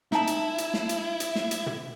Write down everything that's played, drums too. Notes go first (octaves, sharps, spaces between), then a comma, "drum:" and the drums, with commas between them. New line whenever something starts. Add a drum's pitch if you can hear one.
D#4 E4 A5, drum: snare
drum: hi-hat
drum: hi-hat
drum: snare
drum: hi-hat
drum: hi-hat
drum: snare
drum: hi-hat
drum: tom